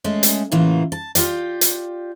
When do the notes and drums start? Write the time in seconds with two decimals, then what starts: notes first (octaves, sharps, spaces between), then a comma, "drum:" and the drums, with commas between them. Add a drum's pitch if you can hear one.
0.04 G#3 A3 C#4
0.23 drum: hi-hat
0.52 A2 C#3 E3 A#3 F4 F#4
0.92 A5
1.15 F4 G4 D5, drum: hi-hat
1.61 drum: hi-hat